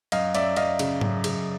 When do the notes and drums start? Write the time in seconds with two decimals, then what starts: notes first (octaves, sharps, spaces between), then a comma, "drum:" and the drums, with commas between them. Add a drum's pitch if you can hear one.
0.12 F#2 D#5 F5, drum: cymbal
0.35 F#2 D5 E5, drum: cymbal
0.56 F#2 D#5 F5, drum: cymbal
0.79 C#3, drum: cymbal
1.01 F#2, drum: tom G#2
1.24 C#3, drum: cymbal